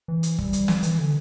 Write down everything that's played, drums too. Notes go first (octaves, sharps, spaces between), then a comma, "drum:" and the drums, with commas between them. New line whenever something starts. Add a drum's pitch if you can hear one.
E3
drum: hi-hat
G3, drum: kick
drum: hi-hat
drum: snare
E3, drum: hi-hat
D3